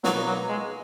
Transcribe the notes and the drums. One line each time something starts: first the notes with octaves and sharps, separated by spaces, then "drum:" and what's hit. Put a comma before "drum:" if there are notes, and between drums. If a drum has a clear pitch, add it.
B2 F#3 A#3 D#4, drum: snare
F#3
G#3